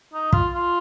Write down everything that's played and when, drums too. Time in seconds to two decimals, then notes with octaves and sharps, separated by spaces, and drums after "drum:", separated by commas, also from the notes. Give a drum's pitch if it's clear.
0.13 D#4
0.33 F4, drum: kick
0.54 F4